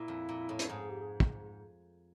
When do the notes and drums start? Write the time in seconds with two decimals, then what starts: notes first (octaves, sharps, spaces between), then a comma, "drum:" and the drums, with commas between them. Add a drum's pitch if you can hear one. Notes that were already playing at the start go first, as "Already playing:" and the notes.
Already playing: A#2 E4
0.08 F2
0.29 A#2
0.49 A2
0.59 drum: hi-hat
0.69 G#2 G#4
0.90 G4
1.02 G#4
1.20 drum: kick